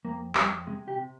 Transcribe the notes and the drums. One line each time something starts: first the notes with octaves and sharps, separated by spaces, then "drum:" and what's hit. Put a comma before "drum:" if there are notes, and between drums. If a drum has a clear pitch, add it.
F2 A#3
F2 G3, drum: clap
C3 G#3
G4
C3